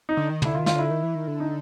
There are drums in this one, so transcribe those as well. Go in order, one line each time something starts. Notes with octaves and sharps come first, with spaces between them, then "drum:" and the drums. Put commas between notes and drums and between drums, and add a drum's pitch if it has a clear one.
D#4
D3
D#3
D3 E4, drum: tom
F4
D#3
F4, drum: snare
D3 E4
D#3
E3
D#3
D3
D#4